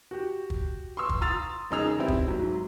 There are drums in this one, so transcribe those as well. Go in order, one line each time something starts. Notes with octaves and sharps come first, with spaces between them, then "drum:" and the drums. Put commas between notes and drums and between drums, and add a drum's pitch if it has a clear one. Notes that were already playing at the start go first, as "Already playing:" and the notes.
F#4 G4
drum: kick
C6 C#6 E6
drum: kick
A#5 C6 D#6 E6 A6 F7
E1 C#3 D#4 G#4 E6 F7
G3 B3 C4 E4
drum: kick
G#2 F#3